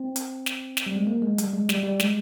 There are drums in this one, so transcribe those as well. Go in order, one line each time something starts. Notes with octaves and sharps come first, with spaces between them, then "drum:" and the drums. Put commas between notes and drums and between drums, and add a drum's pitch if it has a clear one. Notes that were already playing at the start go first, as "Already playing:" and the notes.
Already playing: C4
drum: hi-hat
drum: snare
drum: snare
G3
G#3
A#3
G#3
G3, drum: hi-hat
G#3
G3, drum: snare
G3
G#3, drum: snare